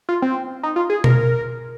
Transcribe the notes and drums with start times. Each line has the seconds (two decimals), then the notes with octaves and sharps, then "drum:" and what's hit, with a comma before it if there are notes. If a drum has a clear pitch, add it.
0.09 F4
0.22 C4
0.63 D#4
0.76 F4
0.90 G#4
1.04 A#4, drum: tom B2